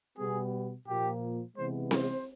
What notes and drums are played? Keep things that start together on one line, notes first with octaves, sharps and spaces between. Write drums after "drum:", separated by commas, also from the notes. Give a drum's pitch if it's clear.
B2 G3 B3 G#4
A#2 F3 A#3 G4
C3 E3 G#3 B3 C5
C5, drum: snare C4